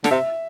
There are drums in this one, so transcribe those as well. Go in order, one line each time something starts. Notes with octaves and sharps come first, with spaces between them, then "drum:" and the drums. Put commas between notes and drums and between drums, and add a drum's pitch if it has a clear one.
D3, drum: snare
C3 E5